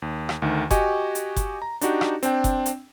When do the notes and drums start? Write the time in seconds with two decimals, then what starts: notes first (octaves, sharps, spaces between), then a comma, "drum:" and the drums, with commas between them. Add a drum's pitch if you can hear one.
0.02 D#2
0.29 drum: rim click
0.42 D2 D#3
0.71 F#4 G4 D#5 G#5 C#6, drum: kick F#1, hi-hat
1.15 drum: hi-hat
1.36 drum: kick F#1, hi-hat
1.62 A#5
1.81 D4 D#4 F#4 G4, drum: hi-hat
2.01 drum: rim click
2.23 C4 D4 G5, drum: hi-hat
2.44 drum: kick F#1, hi-hat
2.66 drum: hi-hat